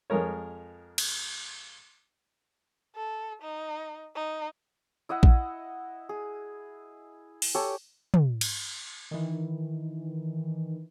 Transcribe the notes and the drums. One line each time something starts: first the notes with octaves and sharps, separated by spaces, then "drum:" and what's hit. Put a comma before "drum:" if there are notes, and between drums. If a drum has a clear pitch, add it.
F2 G#3 A#4 C#5
drum: cymbal
A4
D#4
D#4
E4 D#5 E5 F#5
drum: kick A#1
G#4
drum: open hi-hat
G4 A4 C#5 G#5
drum: tom
drum: cymbal
D#3 E3